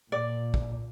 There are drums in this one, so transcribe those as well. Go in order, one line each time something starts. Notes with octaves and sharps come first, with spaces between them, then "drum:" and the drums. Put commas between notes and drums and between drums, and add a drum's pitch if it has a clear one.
A#2 D5
drum: kick